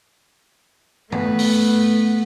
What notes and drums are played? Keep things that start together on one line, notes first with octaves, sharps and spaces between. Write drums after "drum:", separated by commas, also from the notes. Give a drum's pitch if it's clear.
A3 B3, drum: tom G2
drum: open hi-hat